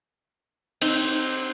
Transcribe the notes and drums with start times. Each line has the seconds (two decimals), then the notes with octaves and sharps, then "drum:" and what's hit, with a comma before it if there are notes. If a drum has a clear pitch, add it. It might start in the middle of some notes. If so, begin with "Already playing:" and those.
0.81 C4 D#4, drum: cymbal